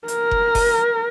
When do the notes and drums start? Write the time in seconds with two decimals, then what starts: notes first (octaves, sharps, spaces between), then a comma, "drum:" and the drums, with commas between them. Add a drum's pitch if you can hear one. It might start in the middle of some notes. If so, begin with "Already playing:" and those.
0.08 A#4, drum: hi-hat
0.31 drum: kick F#1
0.55 drum: kick F#1, open hi-hat